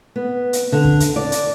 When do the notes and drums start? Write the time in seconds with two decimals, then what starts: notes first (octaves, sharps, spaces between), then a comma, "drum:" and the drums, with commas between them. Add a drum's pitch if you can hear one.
0.16 B3
0.53 drum: hi-hat
0.72 D3
0.84 drum: kick
1.00 drum: hi-hat
1.16 D5
1.32 drum: hi-hat